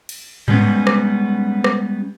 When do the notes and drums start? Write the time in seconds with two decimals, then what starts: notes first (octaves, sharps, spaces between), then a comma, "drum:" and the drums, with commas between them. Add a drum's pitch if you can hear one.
0.09 drum: cymbal
0.48 G3 G#3 B3 C#4, drum: tom G#2
0.87 drum: rim click
1.64 drum: rim click